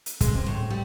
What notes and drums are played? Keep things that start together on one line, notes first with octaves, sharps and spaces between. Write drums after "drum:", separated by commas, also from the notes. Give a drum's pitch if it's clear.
drum: hi-hat
G#3, drum: kick, hi-hat
C3
A2
G3